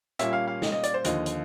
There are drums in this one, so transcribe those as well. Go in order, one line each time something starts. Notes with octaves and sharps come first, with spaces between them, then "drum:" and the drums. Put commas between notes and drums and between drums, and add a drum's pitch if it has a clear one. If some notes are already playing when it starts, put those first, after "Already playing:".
A#2 G3 A#3 C#4 E5, drum: hi-hat
F5
F5
D#5, drum: snare
D#5
D5, drum: hi-hat
C5
D#2 D3 F3 D#5, drum: hi-hat
drum: hi-hat